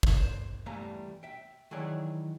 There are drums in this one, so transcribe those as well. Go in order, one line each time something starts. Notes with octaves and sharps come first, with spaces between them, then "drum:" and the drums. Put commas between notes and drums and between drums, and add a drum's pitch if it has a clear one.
drum: kick
C5
E2 G3 A3 F5 G#5 A#5
E5 G5
D#3 E3 F#3 G#4 C#5 D5